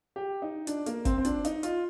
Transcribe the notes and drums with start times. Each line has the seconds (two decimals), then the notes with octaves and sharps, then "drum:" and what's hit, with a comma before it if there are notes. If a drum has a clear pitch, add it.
0.16 G4
0.42 D#4
0.67 D4, drum: hi-hat
0.86 A#3, drum: hi-hat
1.05 C4, drum: kick G1, hi-hat
1.18 C4
1.25 D4, drum: hi-hat
1.45 D#4, drum: hi-hat
1.63 F4, drum: hi-hat